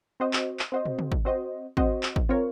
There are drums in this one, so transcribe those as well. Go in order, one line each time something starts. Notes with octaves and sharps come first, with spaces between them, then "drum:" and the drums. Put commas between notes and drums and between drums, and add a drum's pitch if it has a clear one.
C4 F#4 C5 D#5
drum: clap
drum: clap
C4 F#4 C5 D#5
drum: tom
drum: tom
drum: kick
C4 F#4 C5 D#5
C4 F#4 C5 D#5, drum: kick
drum: clap
drum: kick
C4 F4 A#4 C#5